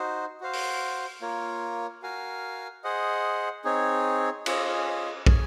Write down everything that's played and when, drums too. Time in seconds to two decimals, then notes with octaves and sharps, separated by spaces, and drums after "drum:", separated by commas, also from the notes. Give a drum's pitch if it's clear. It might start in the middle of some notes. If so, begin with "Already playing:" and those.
Already playing: D#4 F#4 C5
0.41 F#4 C5 F5
0.53 drum: open hi-hat
1.21 A#3 F4 A#4 C#5
2.02 F#4 A#4 F5 G#5
2.84 G#4 C5 D#5 F#5
3.65 C4 D#4 G#4 C#5
4.46 C#4 F4 G#4 D#5, drum: cymbal
5.26 G#4 C#5 G#5, drum: kick